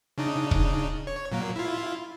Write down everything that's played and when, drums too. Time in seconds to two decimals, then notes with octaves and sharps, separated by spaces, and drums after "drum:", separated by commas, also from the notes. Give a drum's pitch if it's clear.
0.18 C#3 D4 D#4
0.51 drum: kick
1.07 C#5
1.32 A#2 F#3 A#3
1.56 E4 F4